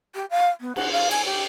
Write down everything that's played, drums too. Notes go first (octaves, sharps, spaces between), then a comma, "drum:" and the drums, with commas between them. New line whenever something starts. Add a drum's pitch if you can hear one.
G4
F5
B3
F#5, drum: cymbal
F5
G#5, drum: cymbal
G4